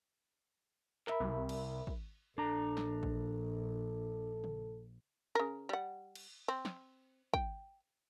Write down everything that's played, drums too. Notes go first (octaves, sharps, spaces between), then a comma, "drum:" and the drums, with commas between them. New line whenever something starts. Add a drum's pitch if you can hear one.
A#4 E5 B5, drum: clap
C2
drum: cymbal
drum: kick
A#1 D4 A4 A#5
drum: snare
drum: kick
drum: tom C#3
C#3 A#4
G3 F#5
drum: cymbal
C4
drum: snare
G5, drum: kick